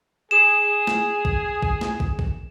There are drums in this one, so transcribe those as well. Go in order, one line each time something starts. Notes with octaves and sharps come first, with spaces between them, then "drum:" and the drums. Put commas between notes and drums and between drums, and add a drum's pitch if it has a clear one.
G#4 E7
drum: snare
drum: kick
drum: kick
drum: snare
drum: kick
drum: kick